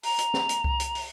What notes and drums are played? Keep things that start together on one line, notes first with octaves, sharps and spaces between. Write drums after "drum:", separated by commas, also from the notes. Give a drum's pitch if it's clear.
A#5, drum: open hi-hat
drum: hi-hat
drum: snare
drum: hi-hat
drum: kick C2
drum: hi-hat
drum: open hi-hat